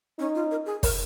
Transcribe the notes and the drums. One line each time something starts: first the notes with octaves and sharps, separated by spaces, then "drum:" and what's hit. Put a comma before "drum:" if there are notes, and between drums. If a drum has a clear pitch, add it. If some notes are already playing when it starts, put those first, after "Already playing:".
C#4 D#4
F4
A#4
G#4
A#4, drum: kick, open hi-hat